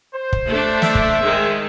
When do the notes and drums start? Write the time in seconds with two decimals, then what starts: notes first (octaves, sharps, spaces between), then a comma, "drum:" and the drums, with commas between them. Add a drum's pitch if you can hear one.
0.14 C5
0.33 drum: kick
0.48 A3 D4
0.82 C5 E5, drum: snare
0.95 drum: kick
1.22 D#3 G#3